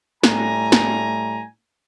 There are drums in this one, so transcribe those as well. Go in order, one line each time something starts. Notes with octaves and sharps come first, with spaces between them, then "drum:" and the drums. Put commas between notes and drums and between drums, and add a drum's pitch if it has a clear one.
A2 G3 A3 G#5 A#5, drum: snare
drum: snare